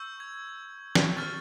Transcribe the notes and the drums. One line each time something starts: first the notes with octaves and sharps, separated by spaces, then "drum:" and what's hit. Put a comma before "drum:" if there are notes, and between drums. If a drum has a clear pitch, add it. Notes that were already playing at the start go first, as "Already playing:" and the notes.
Already playing: C#6 E6 G6
G#6
drum: snare
C#6 F6 A6